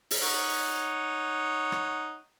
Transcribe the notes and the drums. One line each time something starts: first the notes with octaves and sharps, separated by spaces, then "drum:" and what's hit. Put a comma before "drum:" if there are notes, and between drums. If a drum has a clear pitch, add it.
drum: open hi-hat
D#4 C#5 F#5
drum: rim click